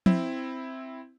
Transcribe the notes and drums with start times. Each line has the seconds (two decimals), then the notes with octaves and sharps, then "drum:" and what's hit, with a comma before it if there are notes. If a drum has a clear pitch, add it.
0.06 C4 E4, drum: tom F3